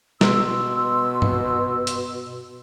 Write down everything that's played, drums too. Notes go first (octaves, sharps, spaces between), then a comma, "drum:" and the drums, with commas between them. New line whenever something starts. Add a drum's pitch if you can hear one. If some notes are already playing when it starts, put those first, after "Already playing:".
B2 C6 E6, drum: snare
drum: tom G2
drum: hi-hat